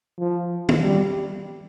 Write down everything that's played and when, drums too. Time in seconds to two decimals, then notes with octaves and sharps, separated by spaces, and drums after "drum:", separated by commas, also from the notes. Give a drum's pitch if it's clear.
0.19 F3
0.69 drum: tom
0.81 G3